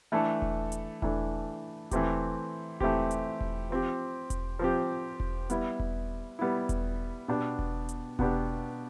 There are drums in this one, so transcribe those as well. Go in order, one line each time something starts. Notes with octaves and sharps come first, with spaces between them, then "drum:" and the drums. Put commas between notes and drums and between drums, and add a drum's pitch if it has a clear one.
E3 A3 D4 A4
drum: kick E1
drum: hi-hat
E3 A3 D4 A4, drum: kick E1
E3 A3 C4 G4, drum: kick E1, hi-hat
E3 A3 C4 G4, drum: kick E1
drum: hi-hat
drum: kick E1
F3 C4 G4
drum: kick E1, hi-hat
F3 C4 G4
drum: kick E1
G3 B3 E4, drum: hi-hat
drum: kick E1
G3 B3 E4
drum: kick E1, hi-hat
B2 B3 D4 G4
drum: kick E1
drum: hi-hat
B2 B3 D4 G4, drum: kick E1